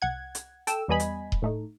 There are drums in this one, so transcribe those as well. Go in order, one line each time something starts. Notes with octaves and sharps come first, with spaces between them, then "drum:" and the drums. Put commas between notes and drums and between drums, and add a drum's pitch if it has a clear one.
C2 F#5 G#6
drum: hi-hat
A4 G5 E6, drum: hi-hat
E2 G3 B3 D#5 G#5 B5
drum: hi-hat
drum: kick D#1
A2 A3 D#4